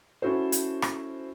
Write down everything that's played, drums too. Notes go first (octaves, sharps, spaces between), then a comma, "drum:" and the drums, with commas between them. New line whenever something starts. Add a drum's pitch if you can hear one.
C#4 E4 F#4 A4 C5
drum: hi-hat
drum: rim click